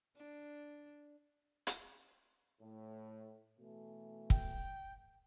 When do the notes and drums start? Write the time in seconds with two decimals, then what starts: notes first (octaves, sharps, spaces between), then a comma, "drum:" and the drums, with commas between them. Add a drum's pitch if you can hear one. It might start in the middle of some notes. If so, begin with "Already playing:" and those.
0.17 D4
1.67 drum: hi-hat
2.61 A2
3.59 B2 E3 A3
4.30 G5, drum: kick